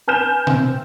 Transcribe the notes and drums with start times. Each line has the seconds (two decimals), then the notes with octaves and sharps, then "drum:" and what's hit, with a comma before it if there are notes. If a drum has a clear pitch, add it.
0.08 B4 G#5 F6 G6 E7
0.47 C4, drum: tom A#2